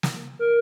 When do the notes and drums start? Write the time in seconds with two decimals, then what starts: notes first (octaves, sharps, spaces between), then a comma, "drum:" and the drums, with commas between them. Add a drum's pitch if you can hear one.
0.03 drum: snare
0.39 A#4